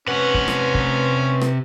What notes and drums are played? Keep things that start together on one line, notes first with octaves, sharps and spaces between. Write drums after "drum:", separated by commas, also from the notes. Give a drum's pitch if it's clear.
C3 C#4 B4 F#5
drum: kick
drum: rim click
drum: kick
drum: rim click